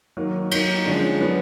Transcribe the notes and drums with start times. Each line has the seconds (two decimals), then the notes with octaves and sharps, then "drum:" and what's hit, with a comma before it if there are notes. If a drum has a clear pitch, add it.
0.17 D#3 F#3 A#3
0.51 F#3 A#3 D#4, drum: cymbal
0.86 D3 F3 G#3 C#4
1.21 F#3 B3 D4